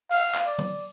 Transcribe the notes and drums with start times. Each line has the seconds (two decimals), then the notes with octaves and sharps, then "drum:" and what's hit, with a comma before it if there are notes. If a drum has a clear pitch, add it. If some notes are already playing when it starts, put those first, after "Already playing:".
0.11 F5, drum: open hi-hat
0.34 drum: clap
0.46 D5
0.58 drum: tom D3